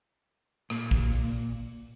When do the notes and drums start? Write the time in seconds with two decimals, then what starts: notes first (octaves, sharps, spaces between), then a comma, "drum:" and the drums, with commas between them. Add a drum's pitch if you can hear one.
0.70 A#2, drum: rim click
0.91 drum: kick A1
1.13 drum: open hi-hat